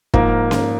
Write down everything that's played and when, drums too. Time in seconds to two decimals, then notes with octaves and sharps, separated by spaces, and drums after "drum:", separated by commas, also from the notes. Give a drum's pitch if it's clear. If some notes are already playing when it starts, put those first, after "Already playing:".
0.14 G#2 F3 A#3 A#4, drum: kick
0.51 drum: snare C#4